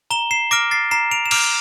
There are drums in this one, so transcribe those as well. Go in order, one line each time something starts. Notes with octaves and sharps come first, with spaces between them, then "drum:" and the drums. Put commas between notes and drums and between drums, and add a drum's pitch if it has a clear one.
A#5 E7 G7
C7 E7
D6 F6 A#6 D7
A6 C7
A#5 C7 E7
D7 F7
E7
D6 F6 D7 F7, drum: cymbal